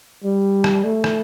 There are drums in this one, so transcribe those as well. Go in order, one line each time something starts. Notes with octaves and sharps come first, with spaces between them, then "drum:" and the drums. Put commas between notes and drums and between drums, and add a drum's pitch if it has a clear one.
G3
drum: rim click
A3
drum: rim click